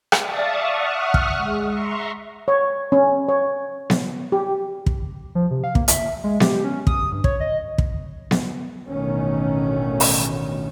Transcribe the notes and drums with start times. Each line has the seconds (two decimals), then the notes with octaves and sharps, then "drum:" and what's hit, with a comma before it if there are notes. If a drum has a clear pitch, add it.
0.12 D5 E5 F5 A5 C#6 D#6, drum: rim click
0.67 E5 F#5 C#6 D#6 F6 F#6
1.14 drum: kick
1.37 G#3
1.70 E5 A#5 C6 C#6
2.48 C#5
2.92 C#4
3.28 C#5
3.90 drum: snare B3
4.32 G4
4.86 drum: kick
5.35 F3
5.51 C3
5.64 F5
5.75 A#3, drum: kick
5.88 E5, drum: hi-hat
6.24 G#3
6.40 G4, drum: snare B3
6.65 C#4
6.87 D#6, drum: kick
7.12 G2
7.24 C#5, drum: kick
7.40 D#5
7.78 drum: kick
8.31 drum: snare B3
8.88 A1 D2 B2 D#3 A3 C#4
10.00 drum: open hi-hat